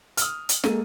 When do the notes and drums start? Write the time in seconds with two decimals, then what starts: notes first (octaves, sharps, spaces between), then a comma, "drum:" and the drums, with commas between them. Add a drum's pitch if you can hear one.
0.17 D#6 F6, drum: hi-hat
0.49 drum: hi-hat
0.64 G#3 A#3 A4 D#7, drum: snare